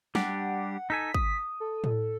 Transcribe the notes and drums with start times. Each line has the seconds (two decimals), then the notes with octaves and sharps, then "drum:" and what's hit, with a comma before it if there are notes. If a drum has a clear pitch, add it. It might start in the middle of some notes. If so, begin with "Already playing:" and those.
0.15 G3 D4 G4 F#5, drum: snare
0.90 D#4 A4 G#5 B6
1.14 D#6, drum: kick
1.60 A4
1.84 drum: tom A2